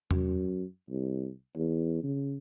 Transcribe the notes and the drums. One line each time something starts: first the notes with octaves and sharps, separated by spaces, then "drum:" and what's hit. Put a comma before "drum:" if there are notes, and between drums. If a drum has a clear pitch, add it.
F#2, drum: tom E2
C2
E2
C#3